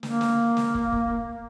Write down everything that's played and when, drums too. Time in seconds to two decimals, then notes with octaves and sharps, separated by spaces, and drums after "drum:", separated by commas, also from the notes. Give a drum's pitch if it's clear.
0.03 A#3, drum: snare
0.21 drum: snare
0.57 drum: snare
0.75 drum: kick
0.93 drum: kick